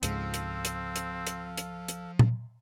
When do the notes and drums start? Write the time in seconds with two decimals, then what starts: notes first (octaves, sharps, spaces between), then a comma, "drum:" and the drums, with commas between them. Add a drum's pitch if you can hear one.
0.03 C#2 G#2 F3 C4 A4 F5, drum: hi-hat
0.34 drum: hi-hat
0.65 drum: hi-hat
0.96 drum: hi-hat
1.27 drum: hi-hat
1.58 drum: hi-hat
1.88 drum: hi-hat
2.19 drum: tom A#2